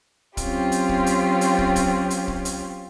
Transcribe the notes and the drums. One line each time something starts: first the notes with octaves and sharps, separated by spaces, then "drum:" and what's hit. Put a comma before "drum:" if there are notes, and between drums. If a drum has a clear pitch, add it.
F#3 C4 C#4 F4 G4, drum: kick, hi-hat
drum: hi-hat
drum: kick
drum: hi-hat
drum: hi-hat
drum: kick
drum: kick, hi-hat
drum: hi-hat
drum: kick
drum: hi-hat